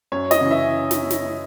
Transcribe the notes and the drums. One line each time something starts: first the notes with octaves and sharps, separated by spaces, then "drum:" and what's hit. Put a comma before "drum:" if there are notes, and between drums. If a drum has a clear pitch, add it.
F#2 C#5
D#5, drum: snare
C#3 E3
E5
drum: snare
drum: snare